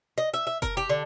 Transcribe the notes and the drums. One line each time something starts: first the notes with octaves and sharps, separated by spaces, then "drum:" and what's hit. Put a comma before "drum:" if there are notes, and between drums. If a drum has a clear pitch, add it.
D#5
E5
E5
A#4, drum: kick F#1, hi-hat
G4
D3